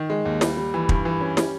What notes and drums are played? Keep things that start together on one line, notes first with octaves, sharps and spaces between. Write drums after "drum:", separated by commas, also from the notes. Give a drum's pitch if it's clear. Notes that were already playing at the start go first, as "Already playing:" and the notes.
Already playing: D#3
G#3
D#2
G3, drum: snare
G3
E3
G2, drum: kick
E3
C#4
G3, drum: snare